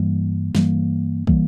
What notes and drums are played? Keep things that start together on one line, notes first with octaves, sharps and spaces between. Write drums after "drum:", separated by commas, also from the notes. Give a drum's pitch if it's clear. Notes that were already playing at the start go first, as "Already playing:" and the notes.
Already playing: G2 E3 G3 A#3
G2 E3 G3 A#3, drum: snare
E3 G3 A#3, drum: kick